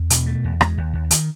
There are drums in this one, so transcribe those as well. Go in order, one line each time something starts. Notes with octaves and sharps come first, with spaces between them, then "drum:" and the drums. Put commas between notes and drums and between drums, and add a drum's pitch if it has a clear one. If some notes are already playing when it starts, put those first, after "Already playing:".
Already playing: E2
B2, drum: hi-hat
A3
E2
G#3, drum: rim click
D#2
D#2
D#3, drum: hi-hat